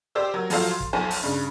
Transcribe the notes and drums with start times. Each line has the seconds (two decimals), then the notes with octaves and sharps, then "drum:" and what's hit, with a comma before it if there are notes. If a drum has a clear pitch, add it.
0.15 G4 C5 D5 D6 E6
0.34 F#3 A#4
0.50 F3 F#3 A4 C5 F5, drum: open hi-hat
0.71 C6
0.80 drum: kick
0.93 F1 B1 C5 G#5 A5
1.10 drum: open hi-hat
1.23 G2 C#3